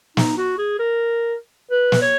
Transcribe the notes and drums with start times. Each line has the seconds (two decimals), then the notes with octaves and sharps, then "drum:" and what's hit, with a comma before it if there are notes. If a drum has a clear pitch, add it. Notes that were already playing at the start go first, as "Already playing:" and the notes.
0.17 D#4, drum: snare
0.38 F#4
0.58 G#4
0.79 A#4
1.71 B4
1.92 drum: snare
2.01 C#5